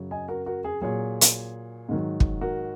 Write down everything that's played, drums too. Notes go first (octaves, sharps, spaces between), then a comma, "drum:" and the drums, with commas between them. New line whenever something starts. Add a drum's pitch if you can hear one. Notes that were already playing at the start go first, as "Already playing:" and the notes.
Already playing: F#2 C#3 F#3
D#5 G#5
F#4 A#4
F#4 A#4
G#4
A#2 F#3 G#4 C#5
drum: hi-hat
G#2 D#3 F#3
drum: kick
F#4 A#4